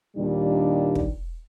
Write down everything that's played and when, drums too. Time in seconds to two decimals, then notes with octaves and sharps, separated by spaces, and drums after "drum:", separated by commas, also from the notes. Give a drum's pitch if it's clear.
0.17 D#2 A#2 D#3 G3 D4
0.95 drum: kick